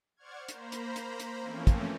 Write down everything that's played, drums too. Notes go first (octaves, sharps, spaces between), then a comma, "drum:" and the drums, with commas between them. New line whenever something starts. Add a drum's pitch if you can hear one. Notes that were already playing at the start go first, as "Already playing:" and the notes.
C5 D5 F#5 C#6 F6 G#6
A#3 C5 A#5 B5, drum: hi-hat
drum: hi-hat
drum: hi-hat
drum: hi-hat
E3 F3 A3 A#3 C4 C#4
drum: kick, hi-hat